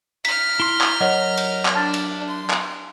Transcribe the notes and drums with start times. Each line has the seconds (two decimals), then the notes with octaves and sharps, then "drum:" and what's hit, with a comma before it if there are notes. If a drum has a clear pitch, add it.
0.25 A#5 F6 B6, drum: cymbal
0.60 E4 C6 G7
0.81 drum: clap
1.00 F#3 A#4 C#5 D#5 F#5
1.37 drum: cymbal
1.65 drum: clap
1.75 D4 A5 F6 A6
1.94 drum: cymbal
2.28 C6
2.50 drum: clap